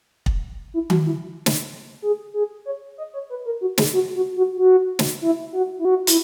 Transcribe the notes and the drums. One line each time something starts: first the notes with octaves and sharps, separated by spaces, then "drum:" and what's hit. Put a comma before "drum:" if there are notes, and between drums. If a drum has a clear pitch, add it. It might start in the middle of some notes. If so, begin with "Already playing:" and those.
drum: kick
E4
F#4, drum: tom D#3
E4
drum: snare
G#4
G#4
C#5
D#5
C#5
B4
A#4
F#4
G#4, drum: snare
F#4
F#4
F#4
F#4
drum: snare
E4
F#4
E4
F#4
E4, drum: hi-hat